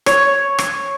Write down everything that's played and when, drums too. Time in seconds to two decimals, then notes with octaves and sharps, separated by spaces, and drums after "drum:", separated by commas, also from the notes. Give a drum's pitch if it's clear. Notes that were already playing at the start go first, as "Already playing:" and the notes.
0.06 C#5, drum: rim click
0.58 drum: rim click